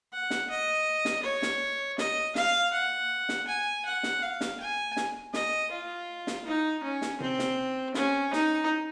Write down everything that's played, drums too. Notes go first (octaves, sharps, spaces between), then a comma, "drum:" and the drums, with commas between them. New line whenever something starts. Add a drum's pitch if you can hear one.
F#5
drum: snare
D#5
drum: snare
C#5
drum: snare
D#5, drum: snare
F5, drum: snare
F#5
drum: snare
G#5
F#5
drum: snare
F5
drum: snare
G#5
drum: snare
D#5, drum: snare
F4
drum: snare
D#4
C#4
drum: snare
C4, drum: tom C3
drum: snare
C#4, drum: snare
D#4, drum: snare